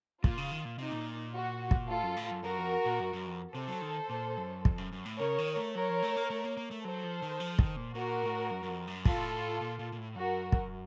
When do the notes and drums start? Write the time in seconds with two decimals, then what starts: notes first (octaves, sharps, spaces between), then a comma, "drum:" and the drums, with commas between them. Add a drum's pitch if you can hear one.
0.24 A#2 F4, drum: kick
0.38 C#3
0.52 D#3
0.65 A#2
0.78 C3 D#4
0.91 A#2
1.34 F#4
1.71 drum: kick
1.89 A2 F4 A4
2.03 F#2
2.16 A2
2.31 F#2
2.44 F#2 F#4 A#4
2.58 F2
2.85 A#2
3.00 F#2
3.13 F#2
3.27 F2
3.54 C3 A4 C5
3.68 F#3
3.82 D#3
4.10 A#2
4.37 F#2
4.65 F2, drum: kick
4.78 F#2
4.93 F#2
5.05 A2
5.20 C#3 A#4 C#5
5.38 D#3
5.56 A3
5.75 F#3 A#4 C#5
5.89 F3
6.03 A3
6.16 A#3
6.30 A3
6.44 A#3
6.57 A#3
6.71 A3
6.85 F#3 A4 C5
7.04 F3
7.22 D#3
7.40 F3
7.59 D#3, drum: kick
7.76 A#2
7.95 A#2 F#4 A#4
8.23 A2
8.50 F#2
8.63 F#2
8.69 F2
8.87 F#2
9.05 A2 F4 A4, drum: kick
9.61 A#2
9.79 A#2
9.92 A#2
9.98 A2
10.15 F#2 F#4 A#4
10.52 drum: kick